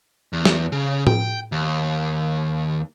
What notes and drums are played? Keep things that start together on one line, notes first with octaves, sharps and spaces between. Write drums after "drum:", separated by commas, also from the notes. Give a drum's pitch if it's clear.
E2
drum: snare
C#3
G5, drum: tom A2
D#2